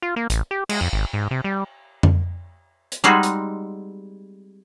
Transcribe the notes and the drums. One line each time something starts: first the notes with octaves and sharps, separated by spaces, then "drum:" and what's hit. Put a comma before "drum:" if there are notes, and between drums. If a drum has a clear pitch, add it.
F4
A#3
A1, drum: hi-hat
G4
G#3, drum: cymbal
F2
G#1
G#2
C3
G3
drum: tom F2
drum: hi-hat
G3 G#3 C4 D#4 F#4
drum: hi-hat